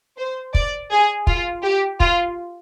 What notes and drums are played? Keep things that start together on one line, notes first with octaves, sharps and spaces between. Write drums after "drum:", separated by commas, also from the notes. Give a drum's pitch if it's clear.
C5
D5, drum: kick
G#4
F4, drum: kick
G4
F4, drum: kick